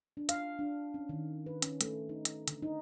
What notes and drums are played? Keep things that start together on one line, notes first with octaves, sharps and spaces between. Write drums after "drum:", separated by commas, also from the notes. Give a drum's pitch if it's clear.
D4
F5, drum: hi-hat
D4
C#4
D#3
B4
C#4, drum: hi-hat
A3, drum: hi-hat
D#4
drum: hi-hat
D3, drum: hi-hat
D#4